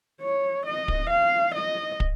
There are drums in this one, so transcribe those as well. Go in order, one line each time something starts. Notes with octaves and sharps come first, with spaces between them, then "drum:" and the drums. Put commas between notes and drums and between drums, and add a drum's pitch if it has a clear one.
C#5
D#5
drum: kick
F5
D#5
drum: kick